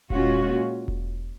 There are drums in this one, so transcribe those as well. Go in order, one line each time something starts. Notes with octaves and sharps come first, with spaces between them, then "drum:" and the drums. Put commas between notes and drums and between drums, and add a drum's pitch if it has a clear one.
A#2 G#3 C#4 F4 F#4, drum: kick E1
drum: kick E1